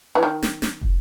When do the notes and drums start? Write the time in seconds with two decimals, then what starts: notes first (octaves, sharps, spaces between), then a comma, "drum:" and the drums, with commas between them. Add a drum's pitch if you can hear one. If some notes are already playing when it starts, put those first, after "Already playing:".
0.15 E3
0.23 D#3
0.43 drum: snare
0.62 drum: snare
0.81 drum: kick